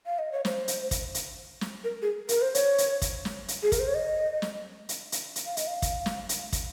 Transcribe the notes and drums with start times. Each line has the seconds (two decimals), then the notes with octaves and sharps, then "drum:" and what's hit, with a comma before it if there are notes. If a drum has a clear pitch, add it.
0.06 F5
0.19 D#5
0.32 C#5
0.45 C5, drum: snare
0.68 drum: hi-hat
0.91 drum: kick, hi-hat
1.14 drum: hi-hat
1.61 drum: snare
1.84 A#4
2.02 G#4
2.29 A#4, drum: hi-hat
2.42 C5
2.55 C#5, drum: hi-hat
2.78 drum: hi-hat
3.02 drum: kick, hi-hat
3.25 drum: snare
3.48 drum: hi-hat
3.63 G#4
3.72 A#4, drum: kick, hi-hat
3.79 C5
3.88 C#5
3.95 D#5
4.42 drum: snare
4.89 drum: hi-hat
5.12 drum: hi-hat
5.36 drum: hi-hat
5.45 F5
5.57 D#5, drum: hi-hat
5.67 F5
5.82 drum: kick, hi-hat
6.06 drum: snare
6.29 drum: hi-hat
6.53 drum: kick, hi-hat